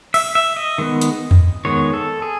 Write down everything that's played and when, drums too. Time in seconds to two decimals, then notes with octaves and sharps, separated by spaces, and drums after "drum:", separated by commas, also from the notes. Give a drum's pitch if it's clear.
0.14 E5, drum: cymbal
0.35 E5
0.56 D#5
0.78 D#3 G#3 B3
1.01 drum: hi-hat
1.31 drum: tom E2
1.65 D#3 G#3 B3 C#5
1.93 A4
2.22 G#4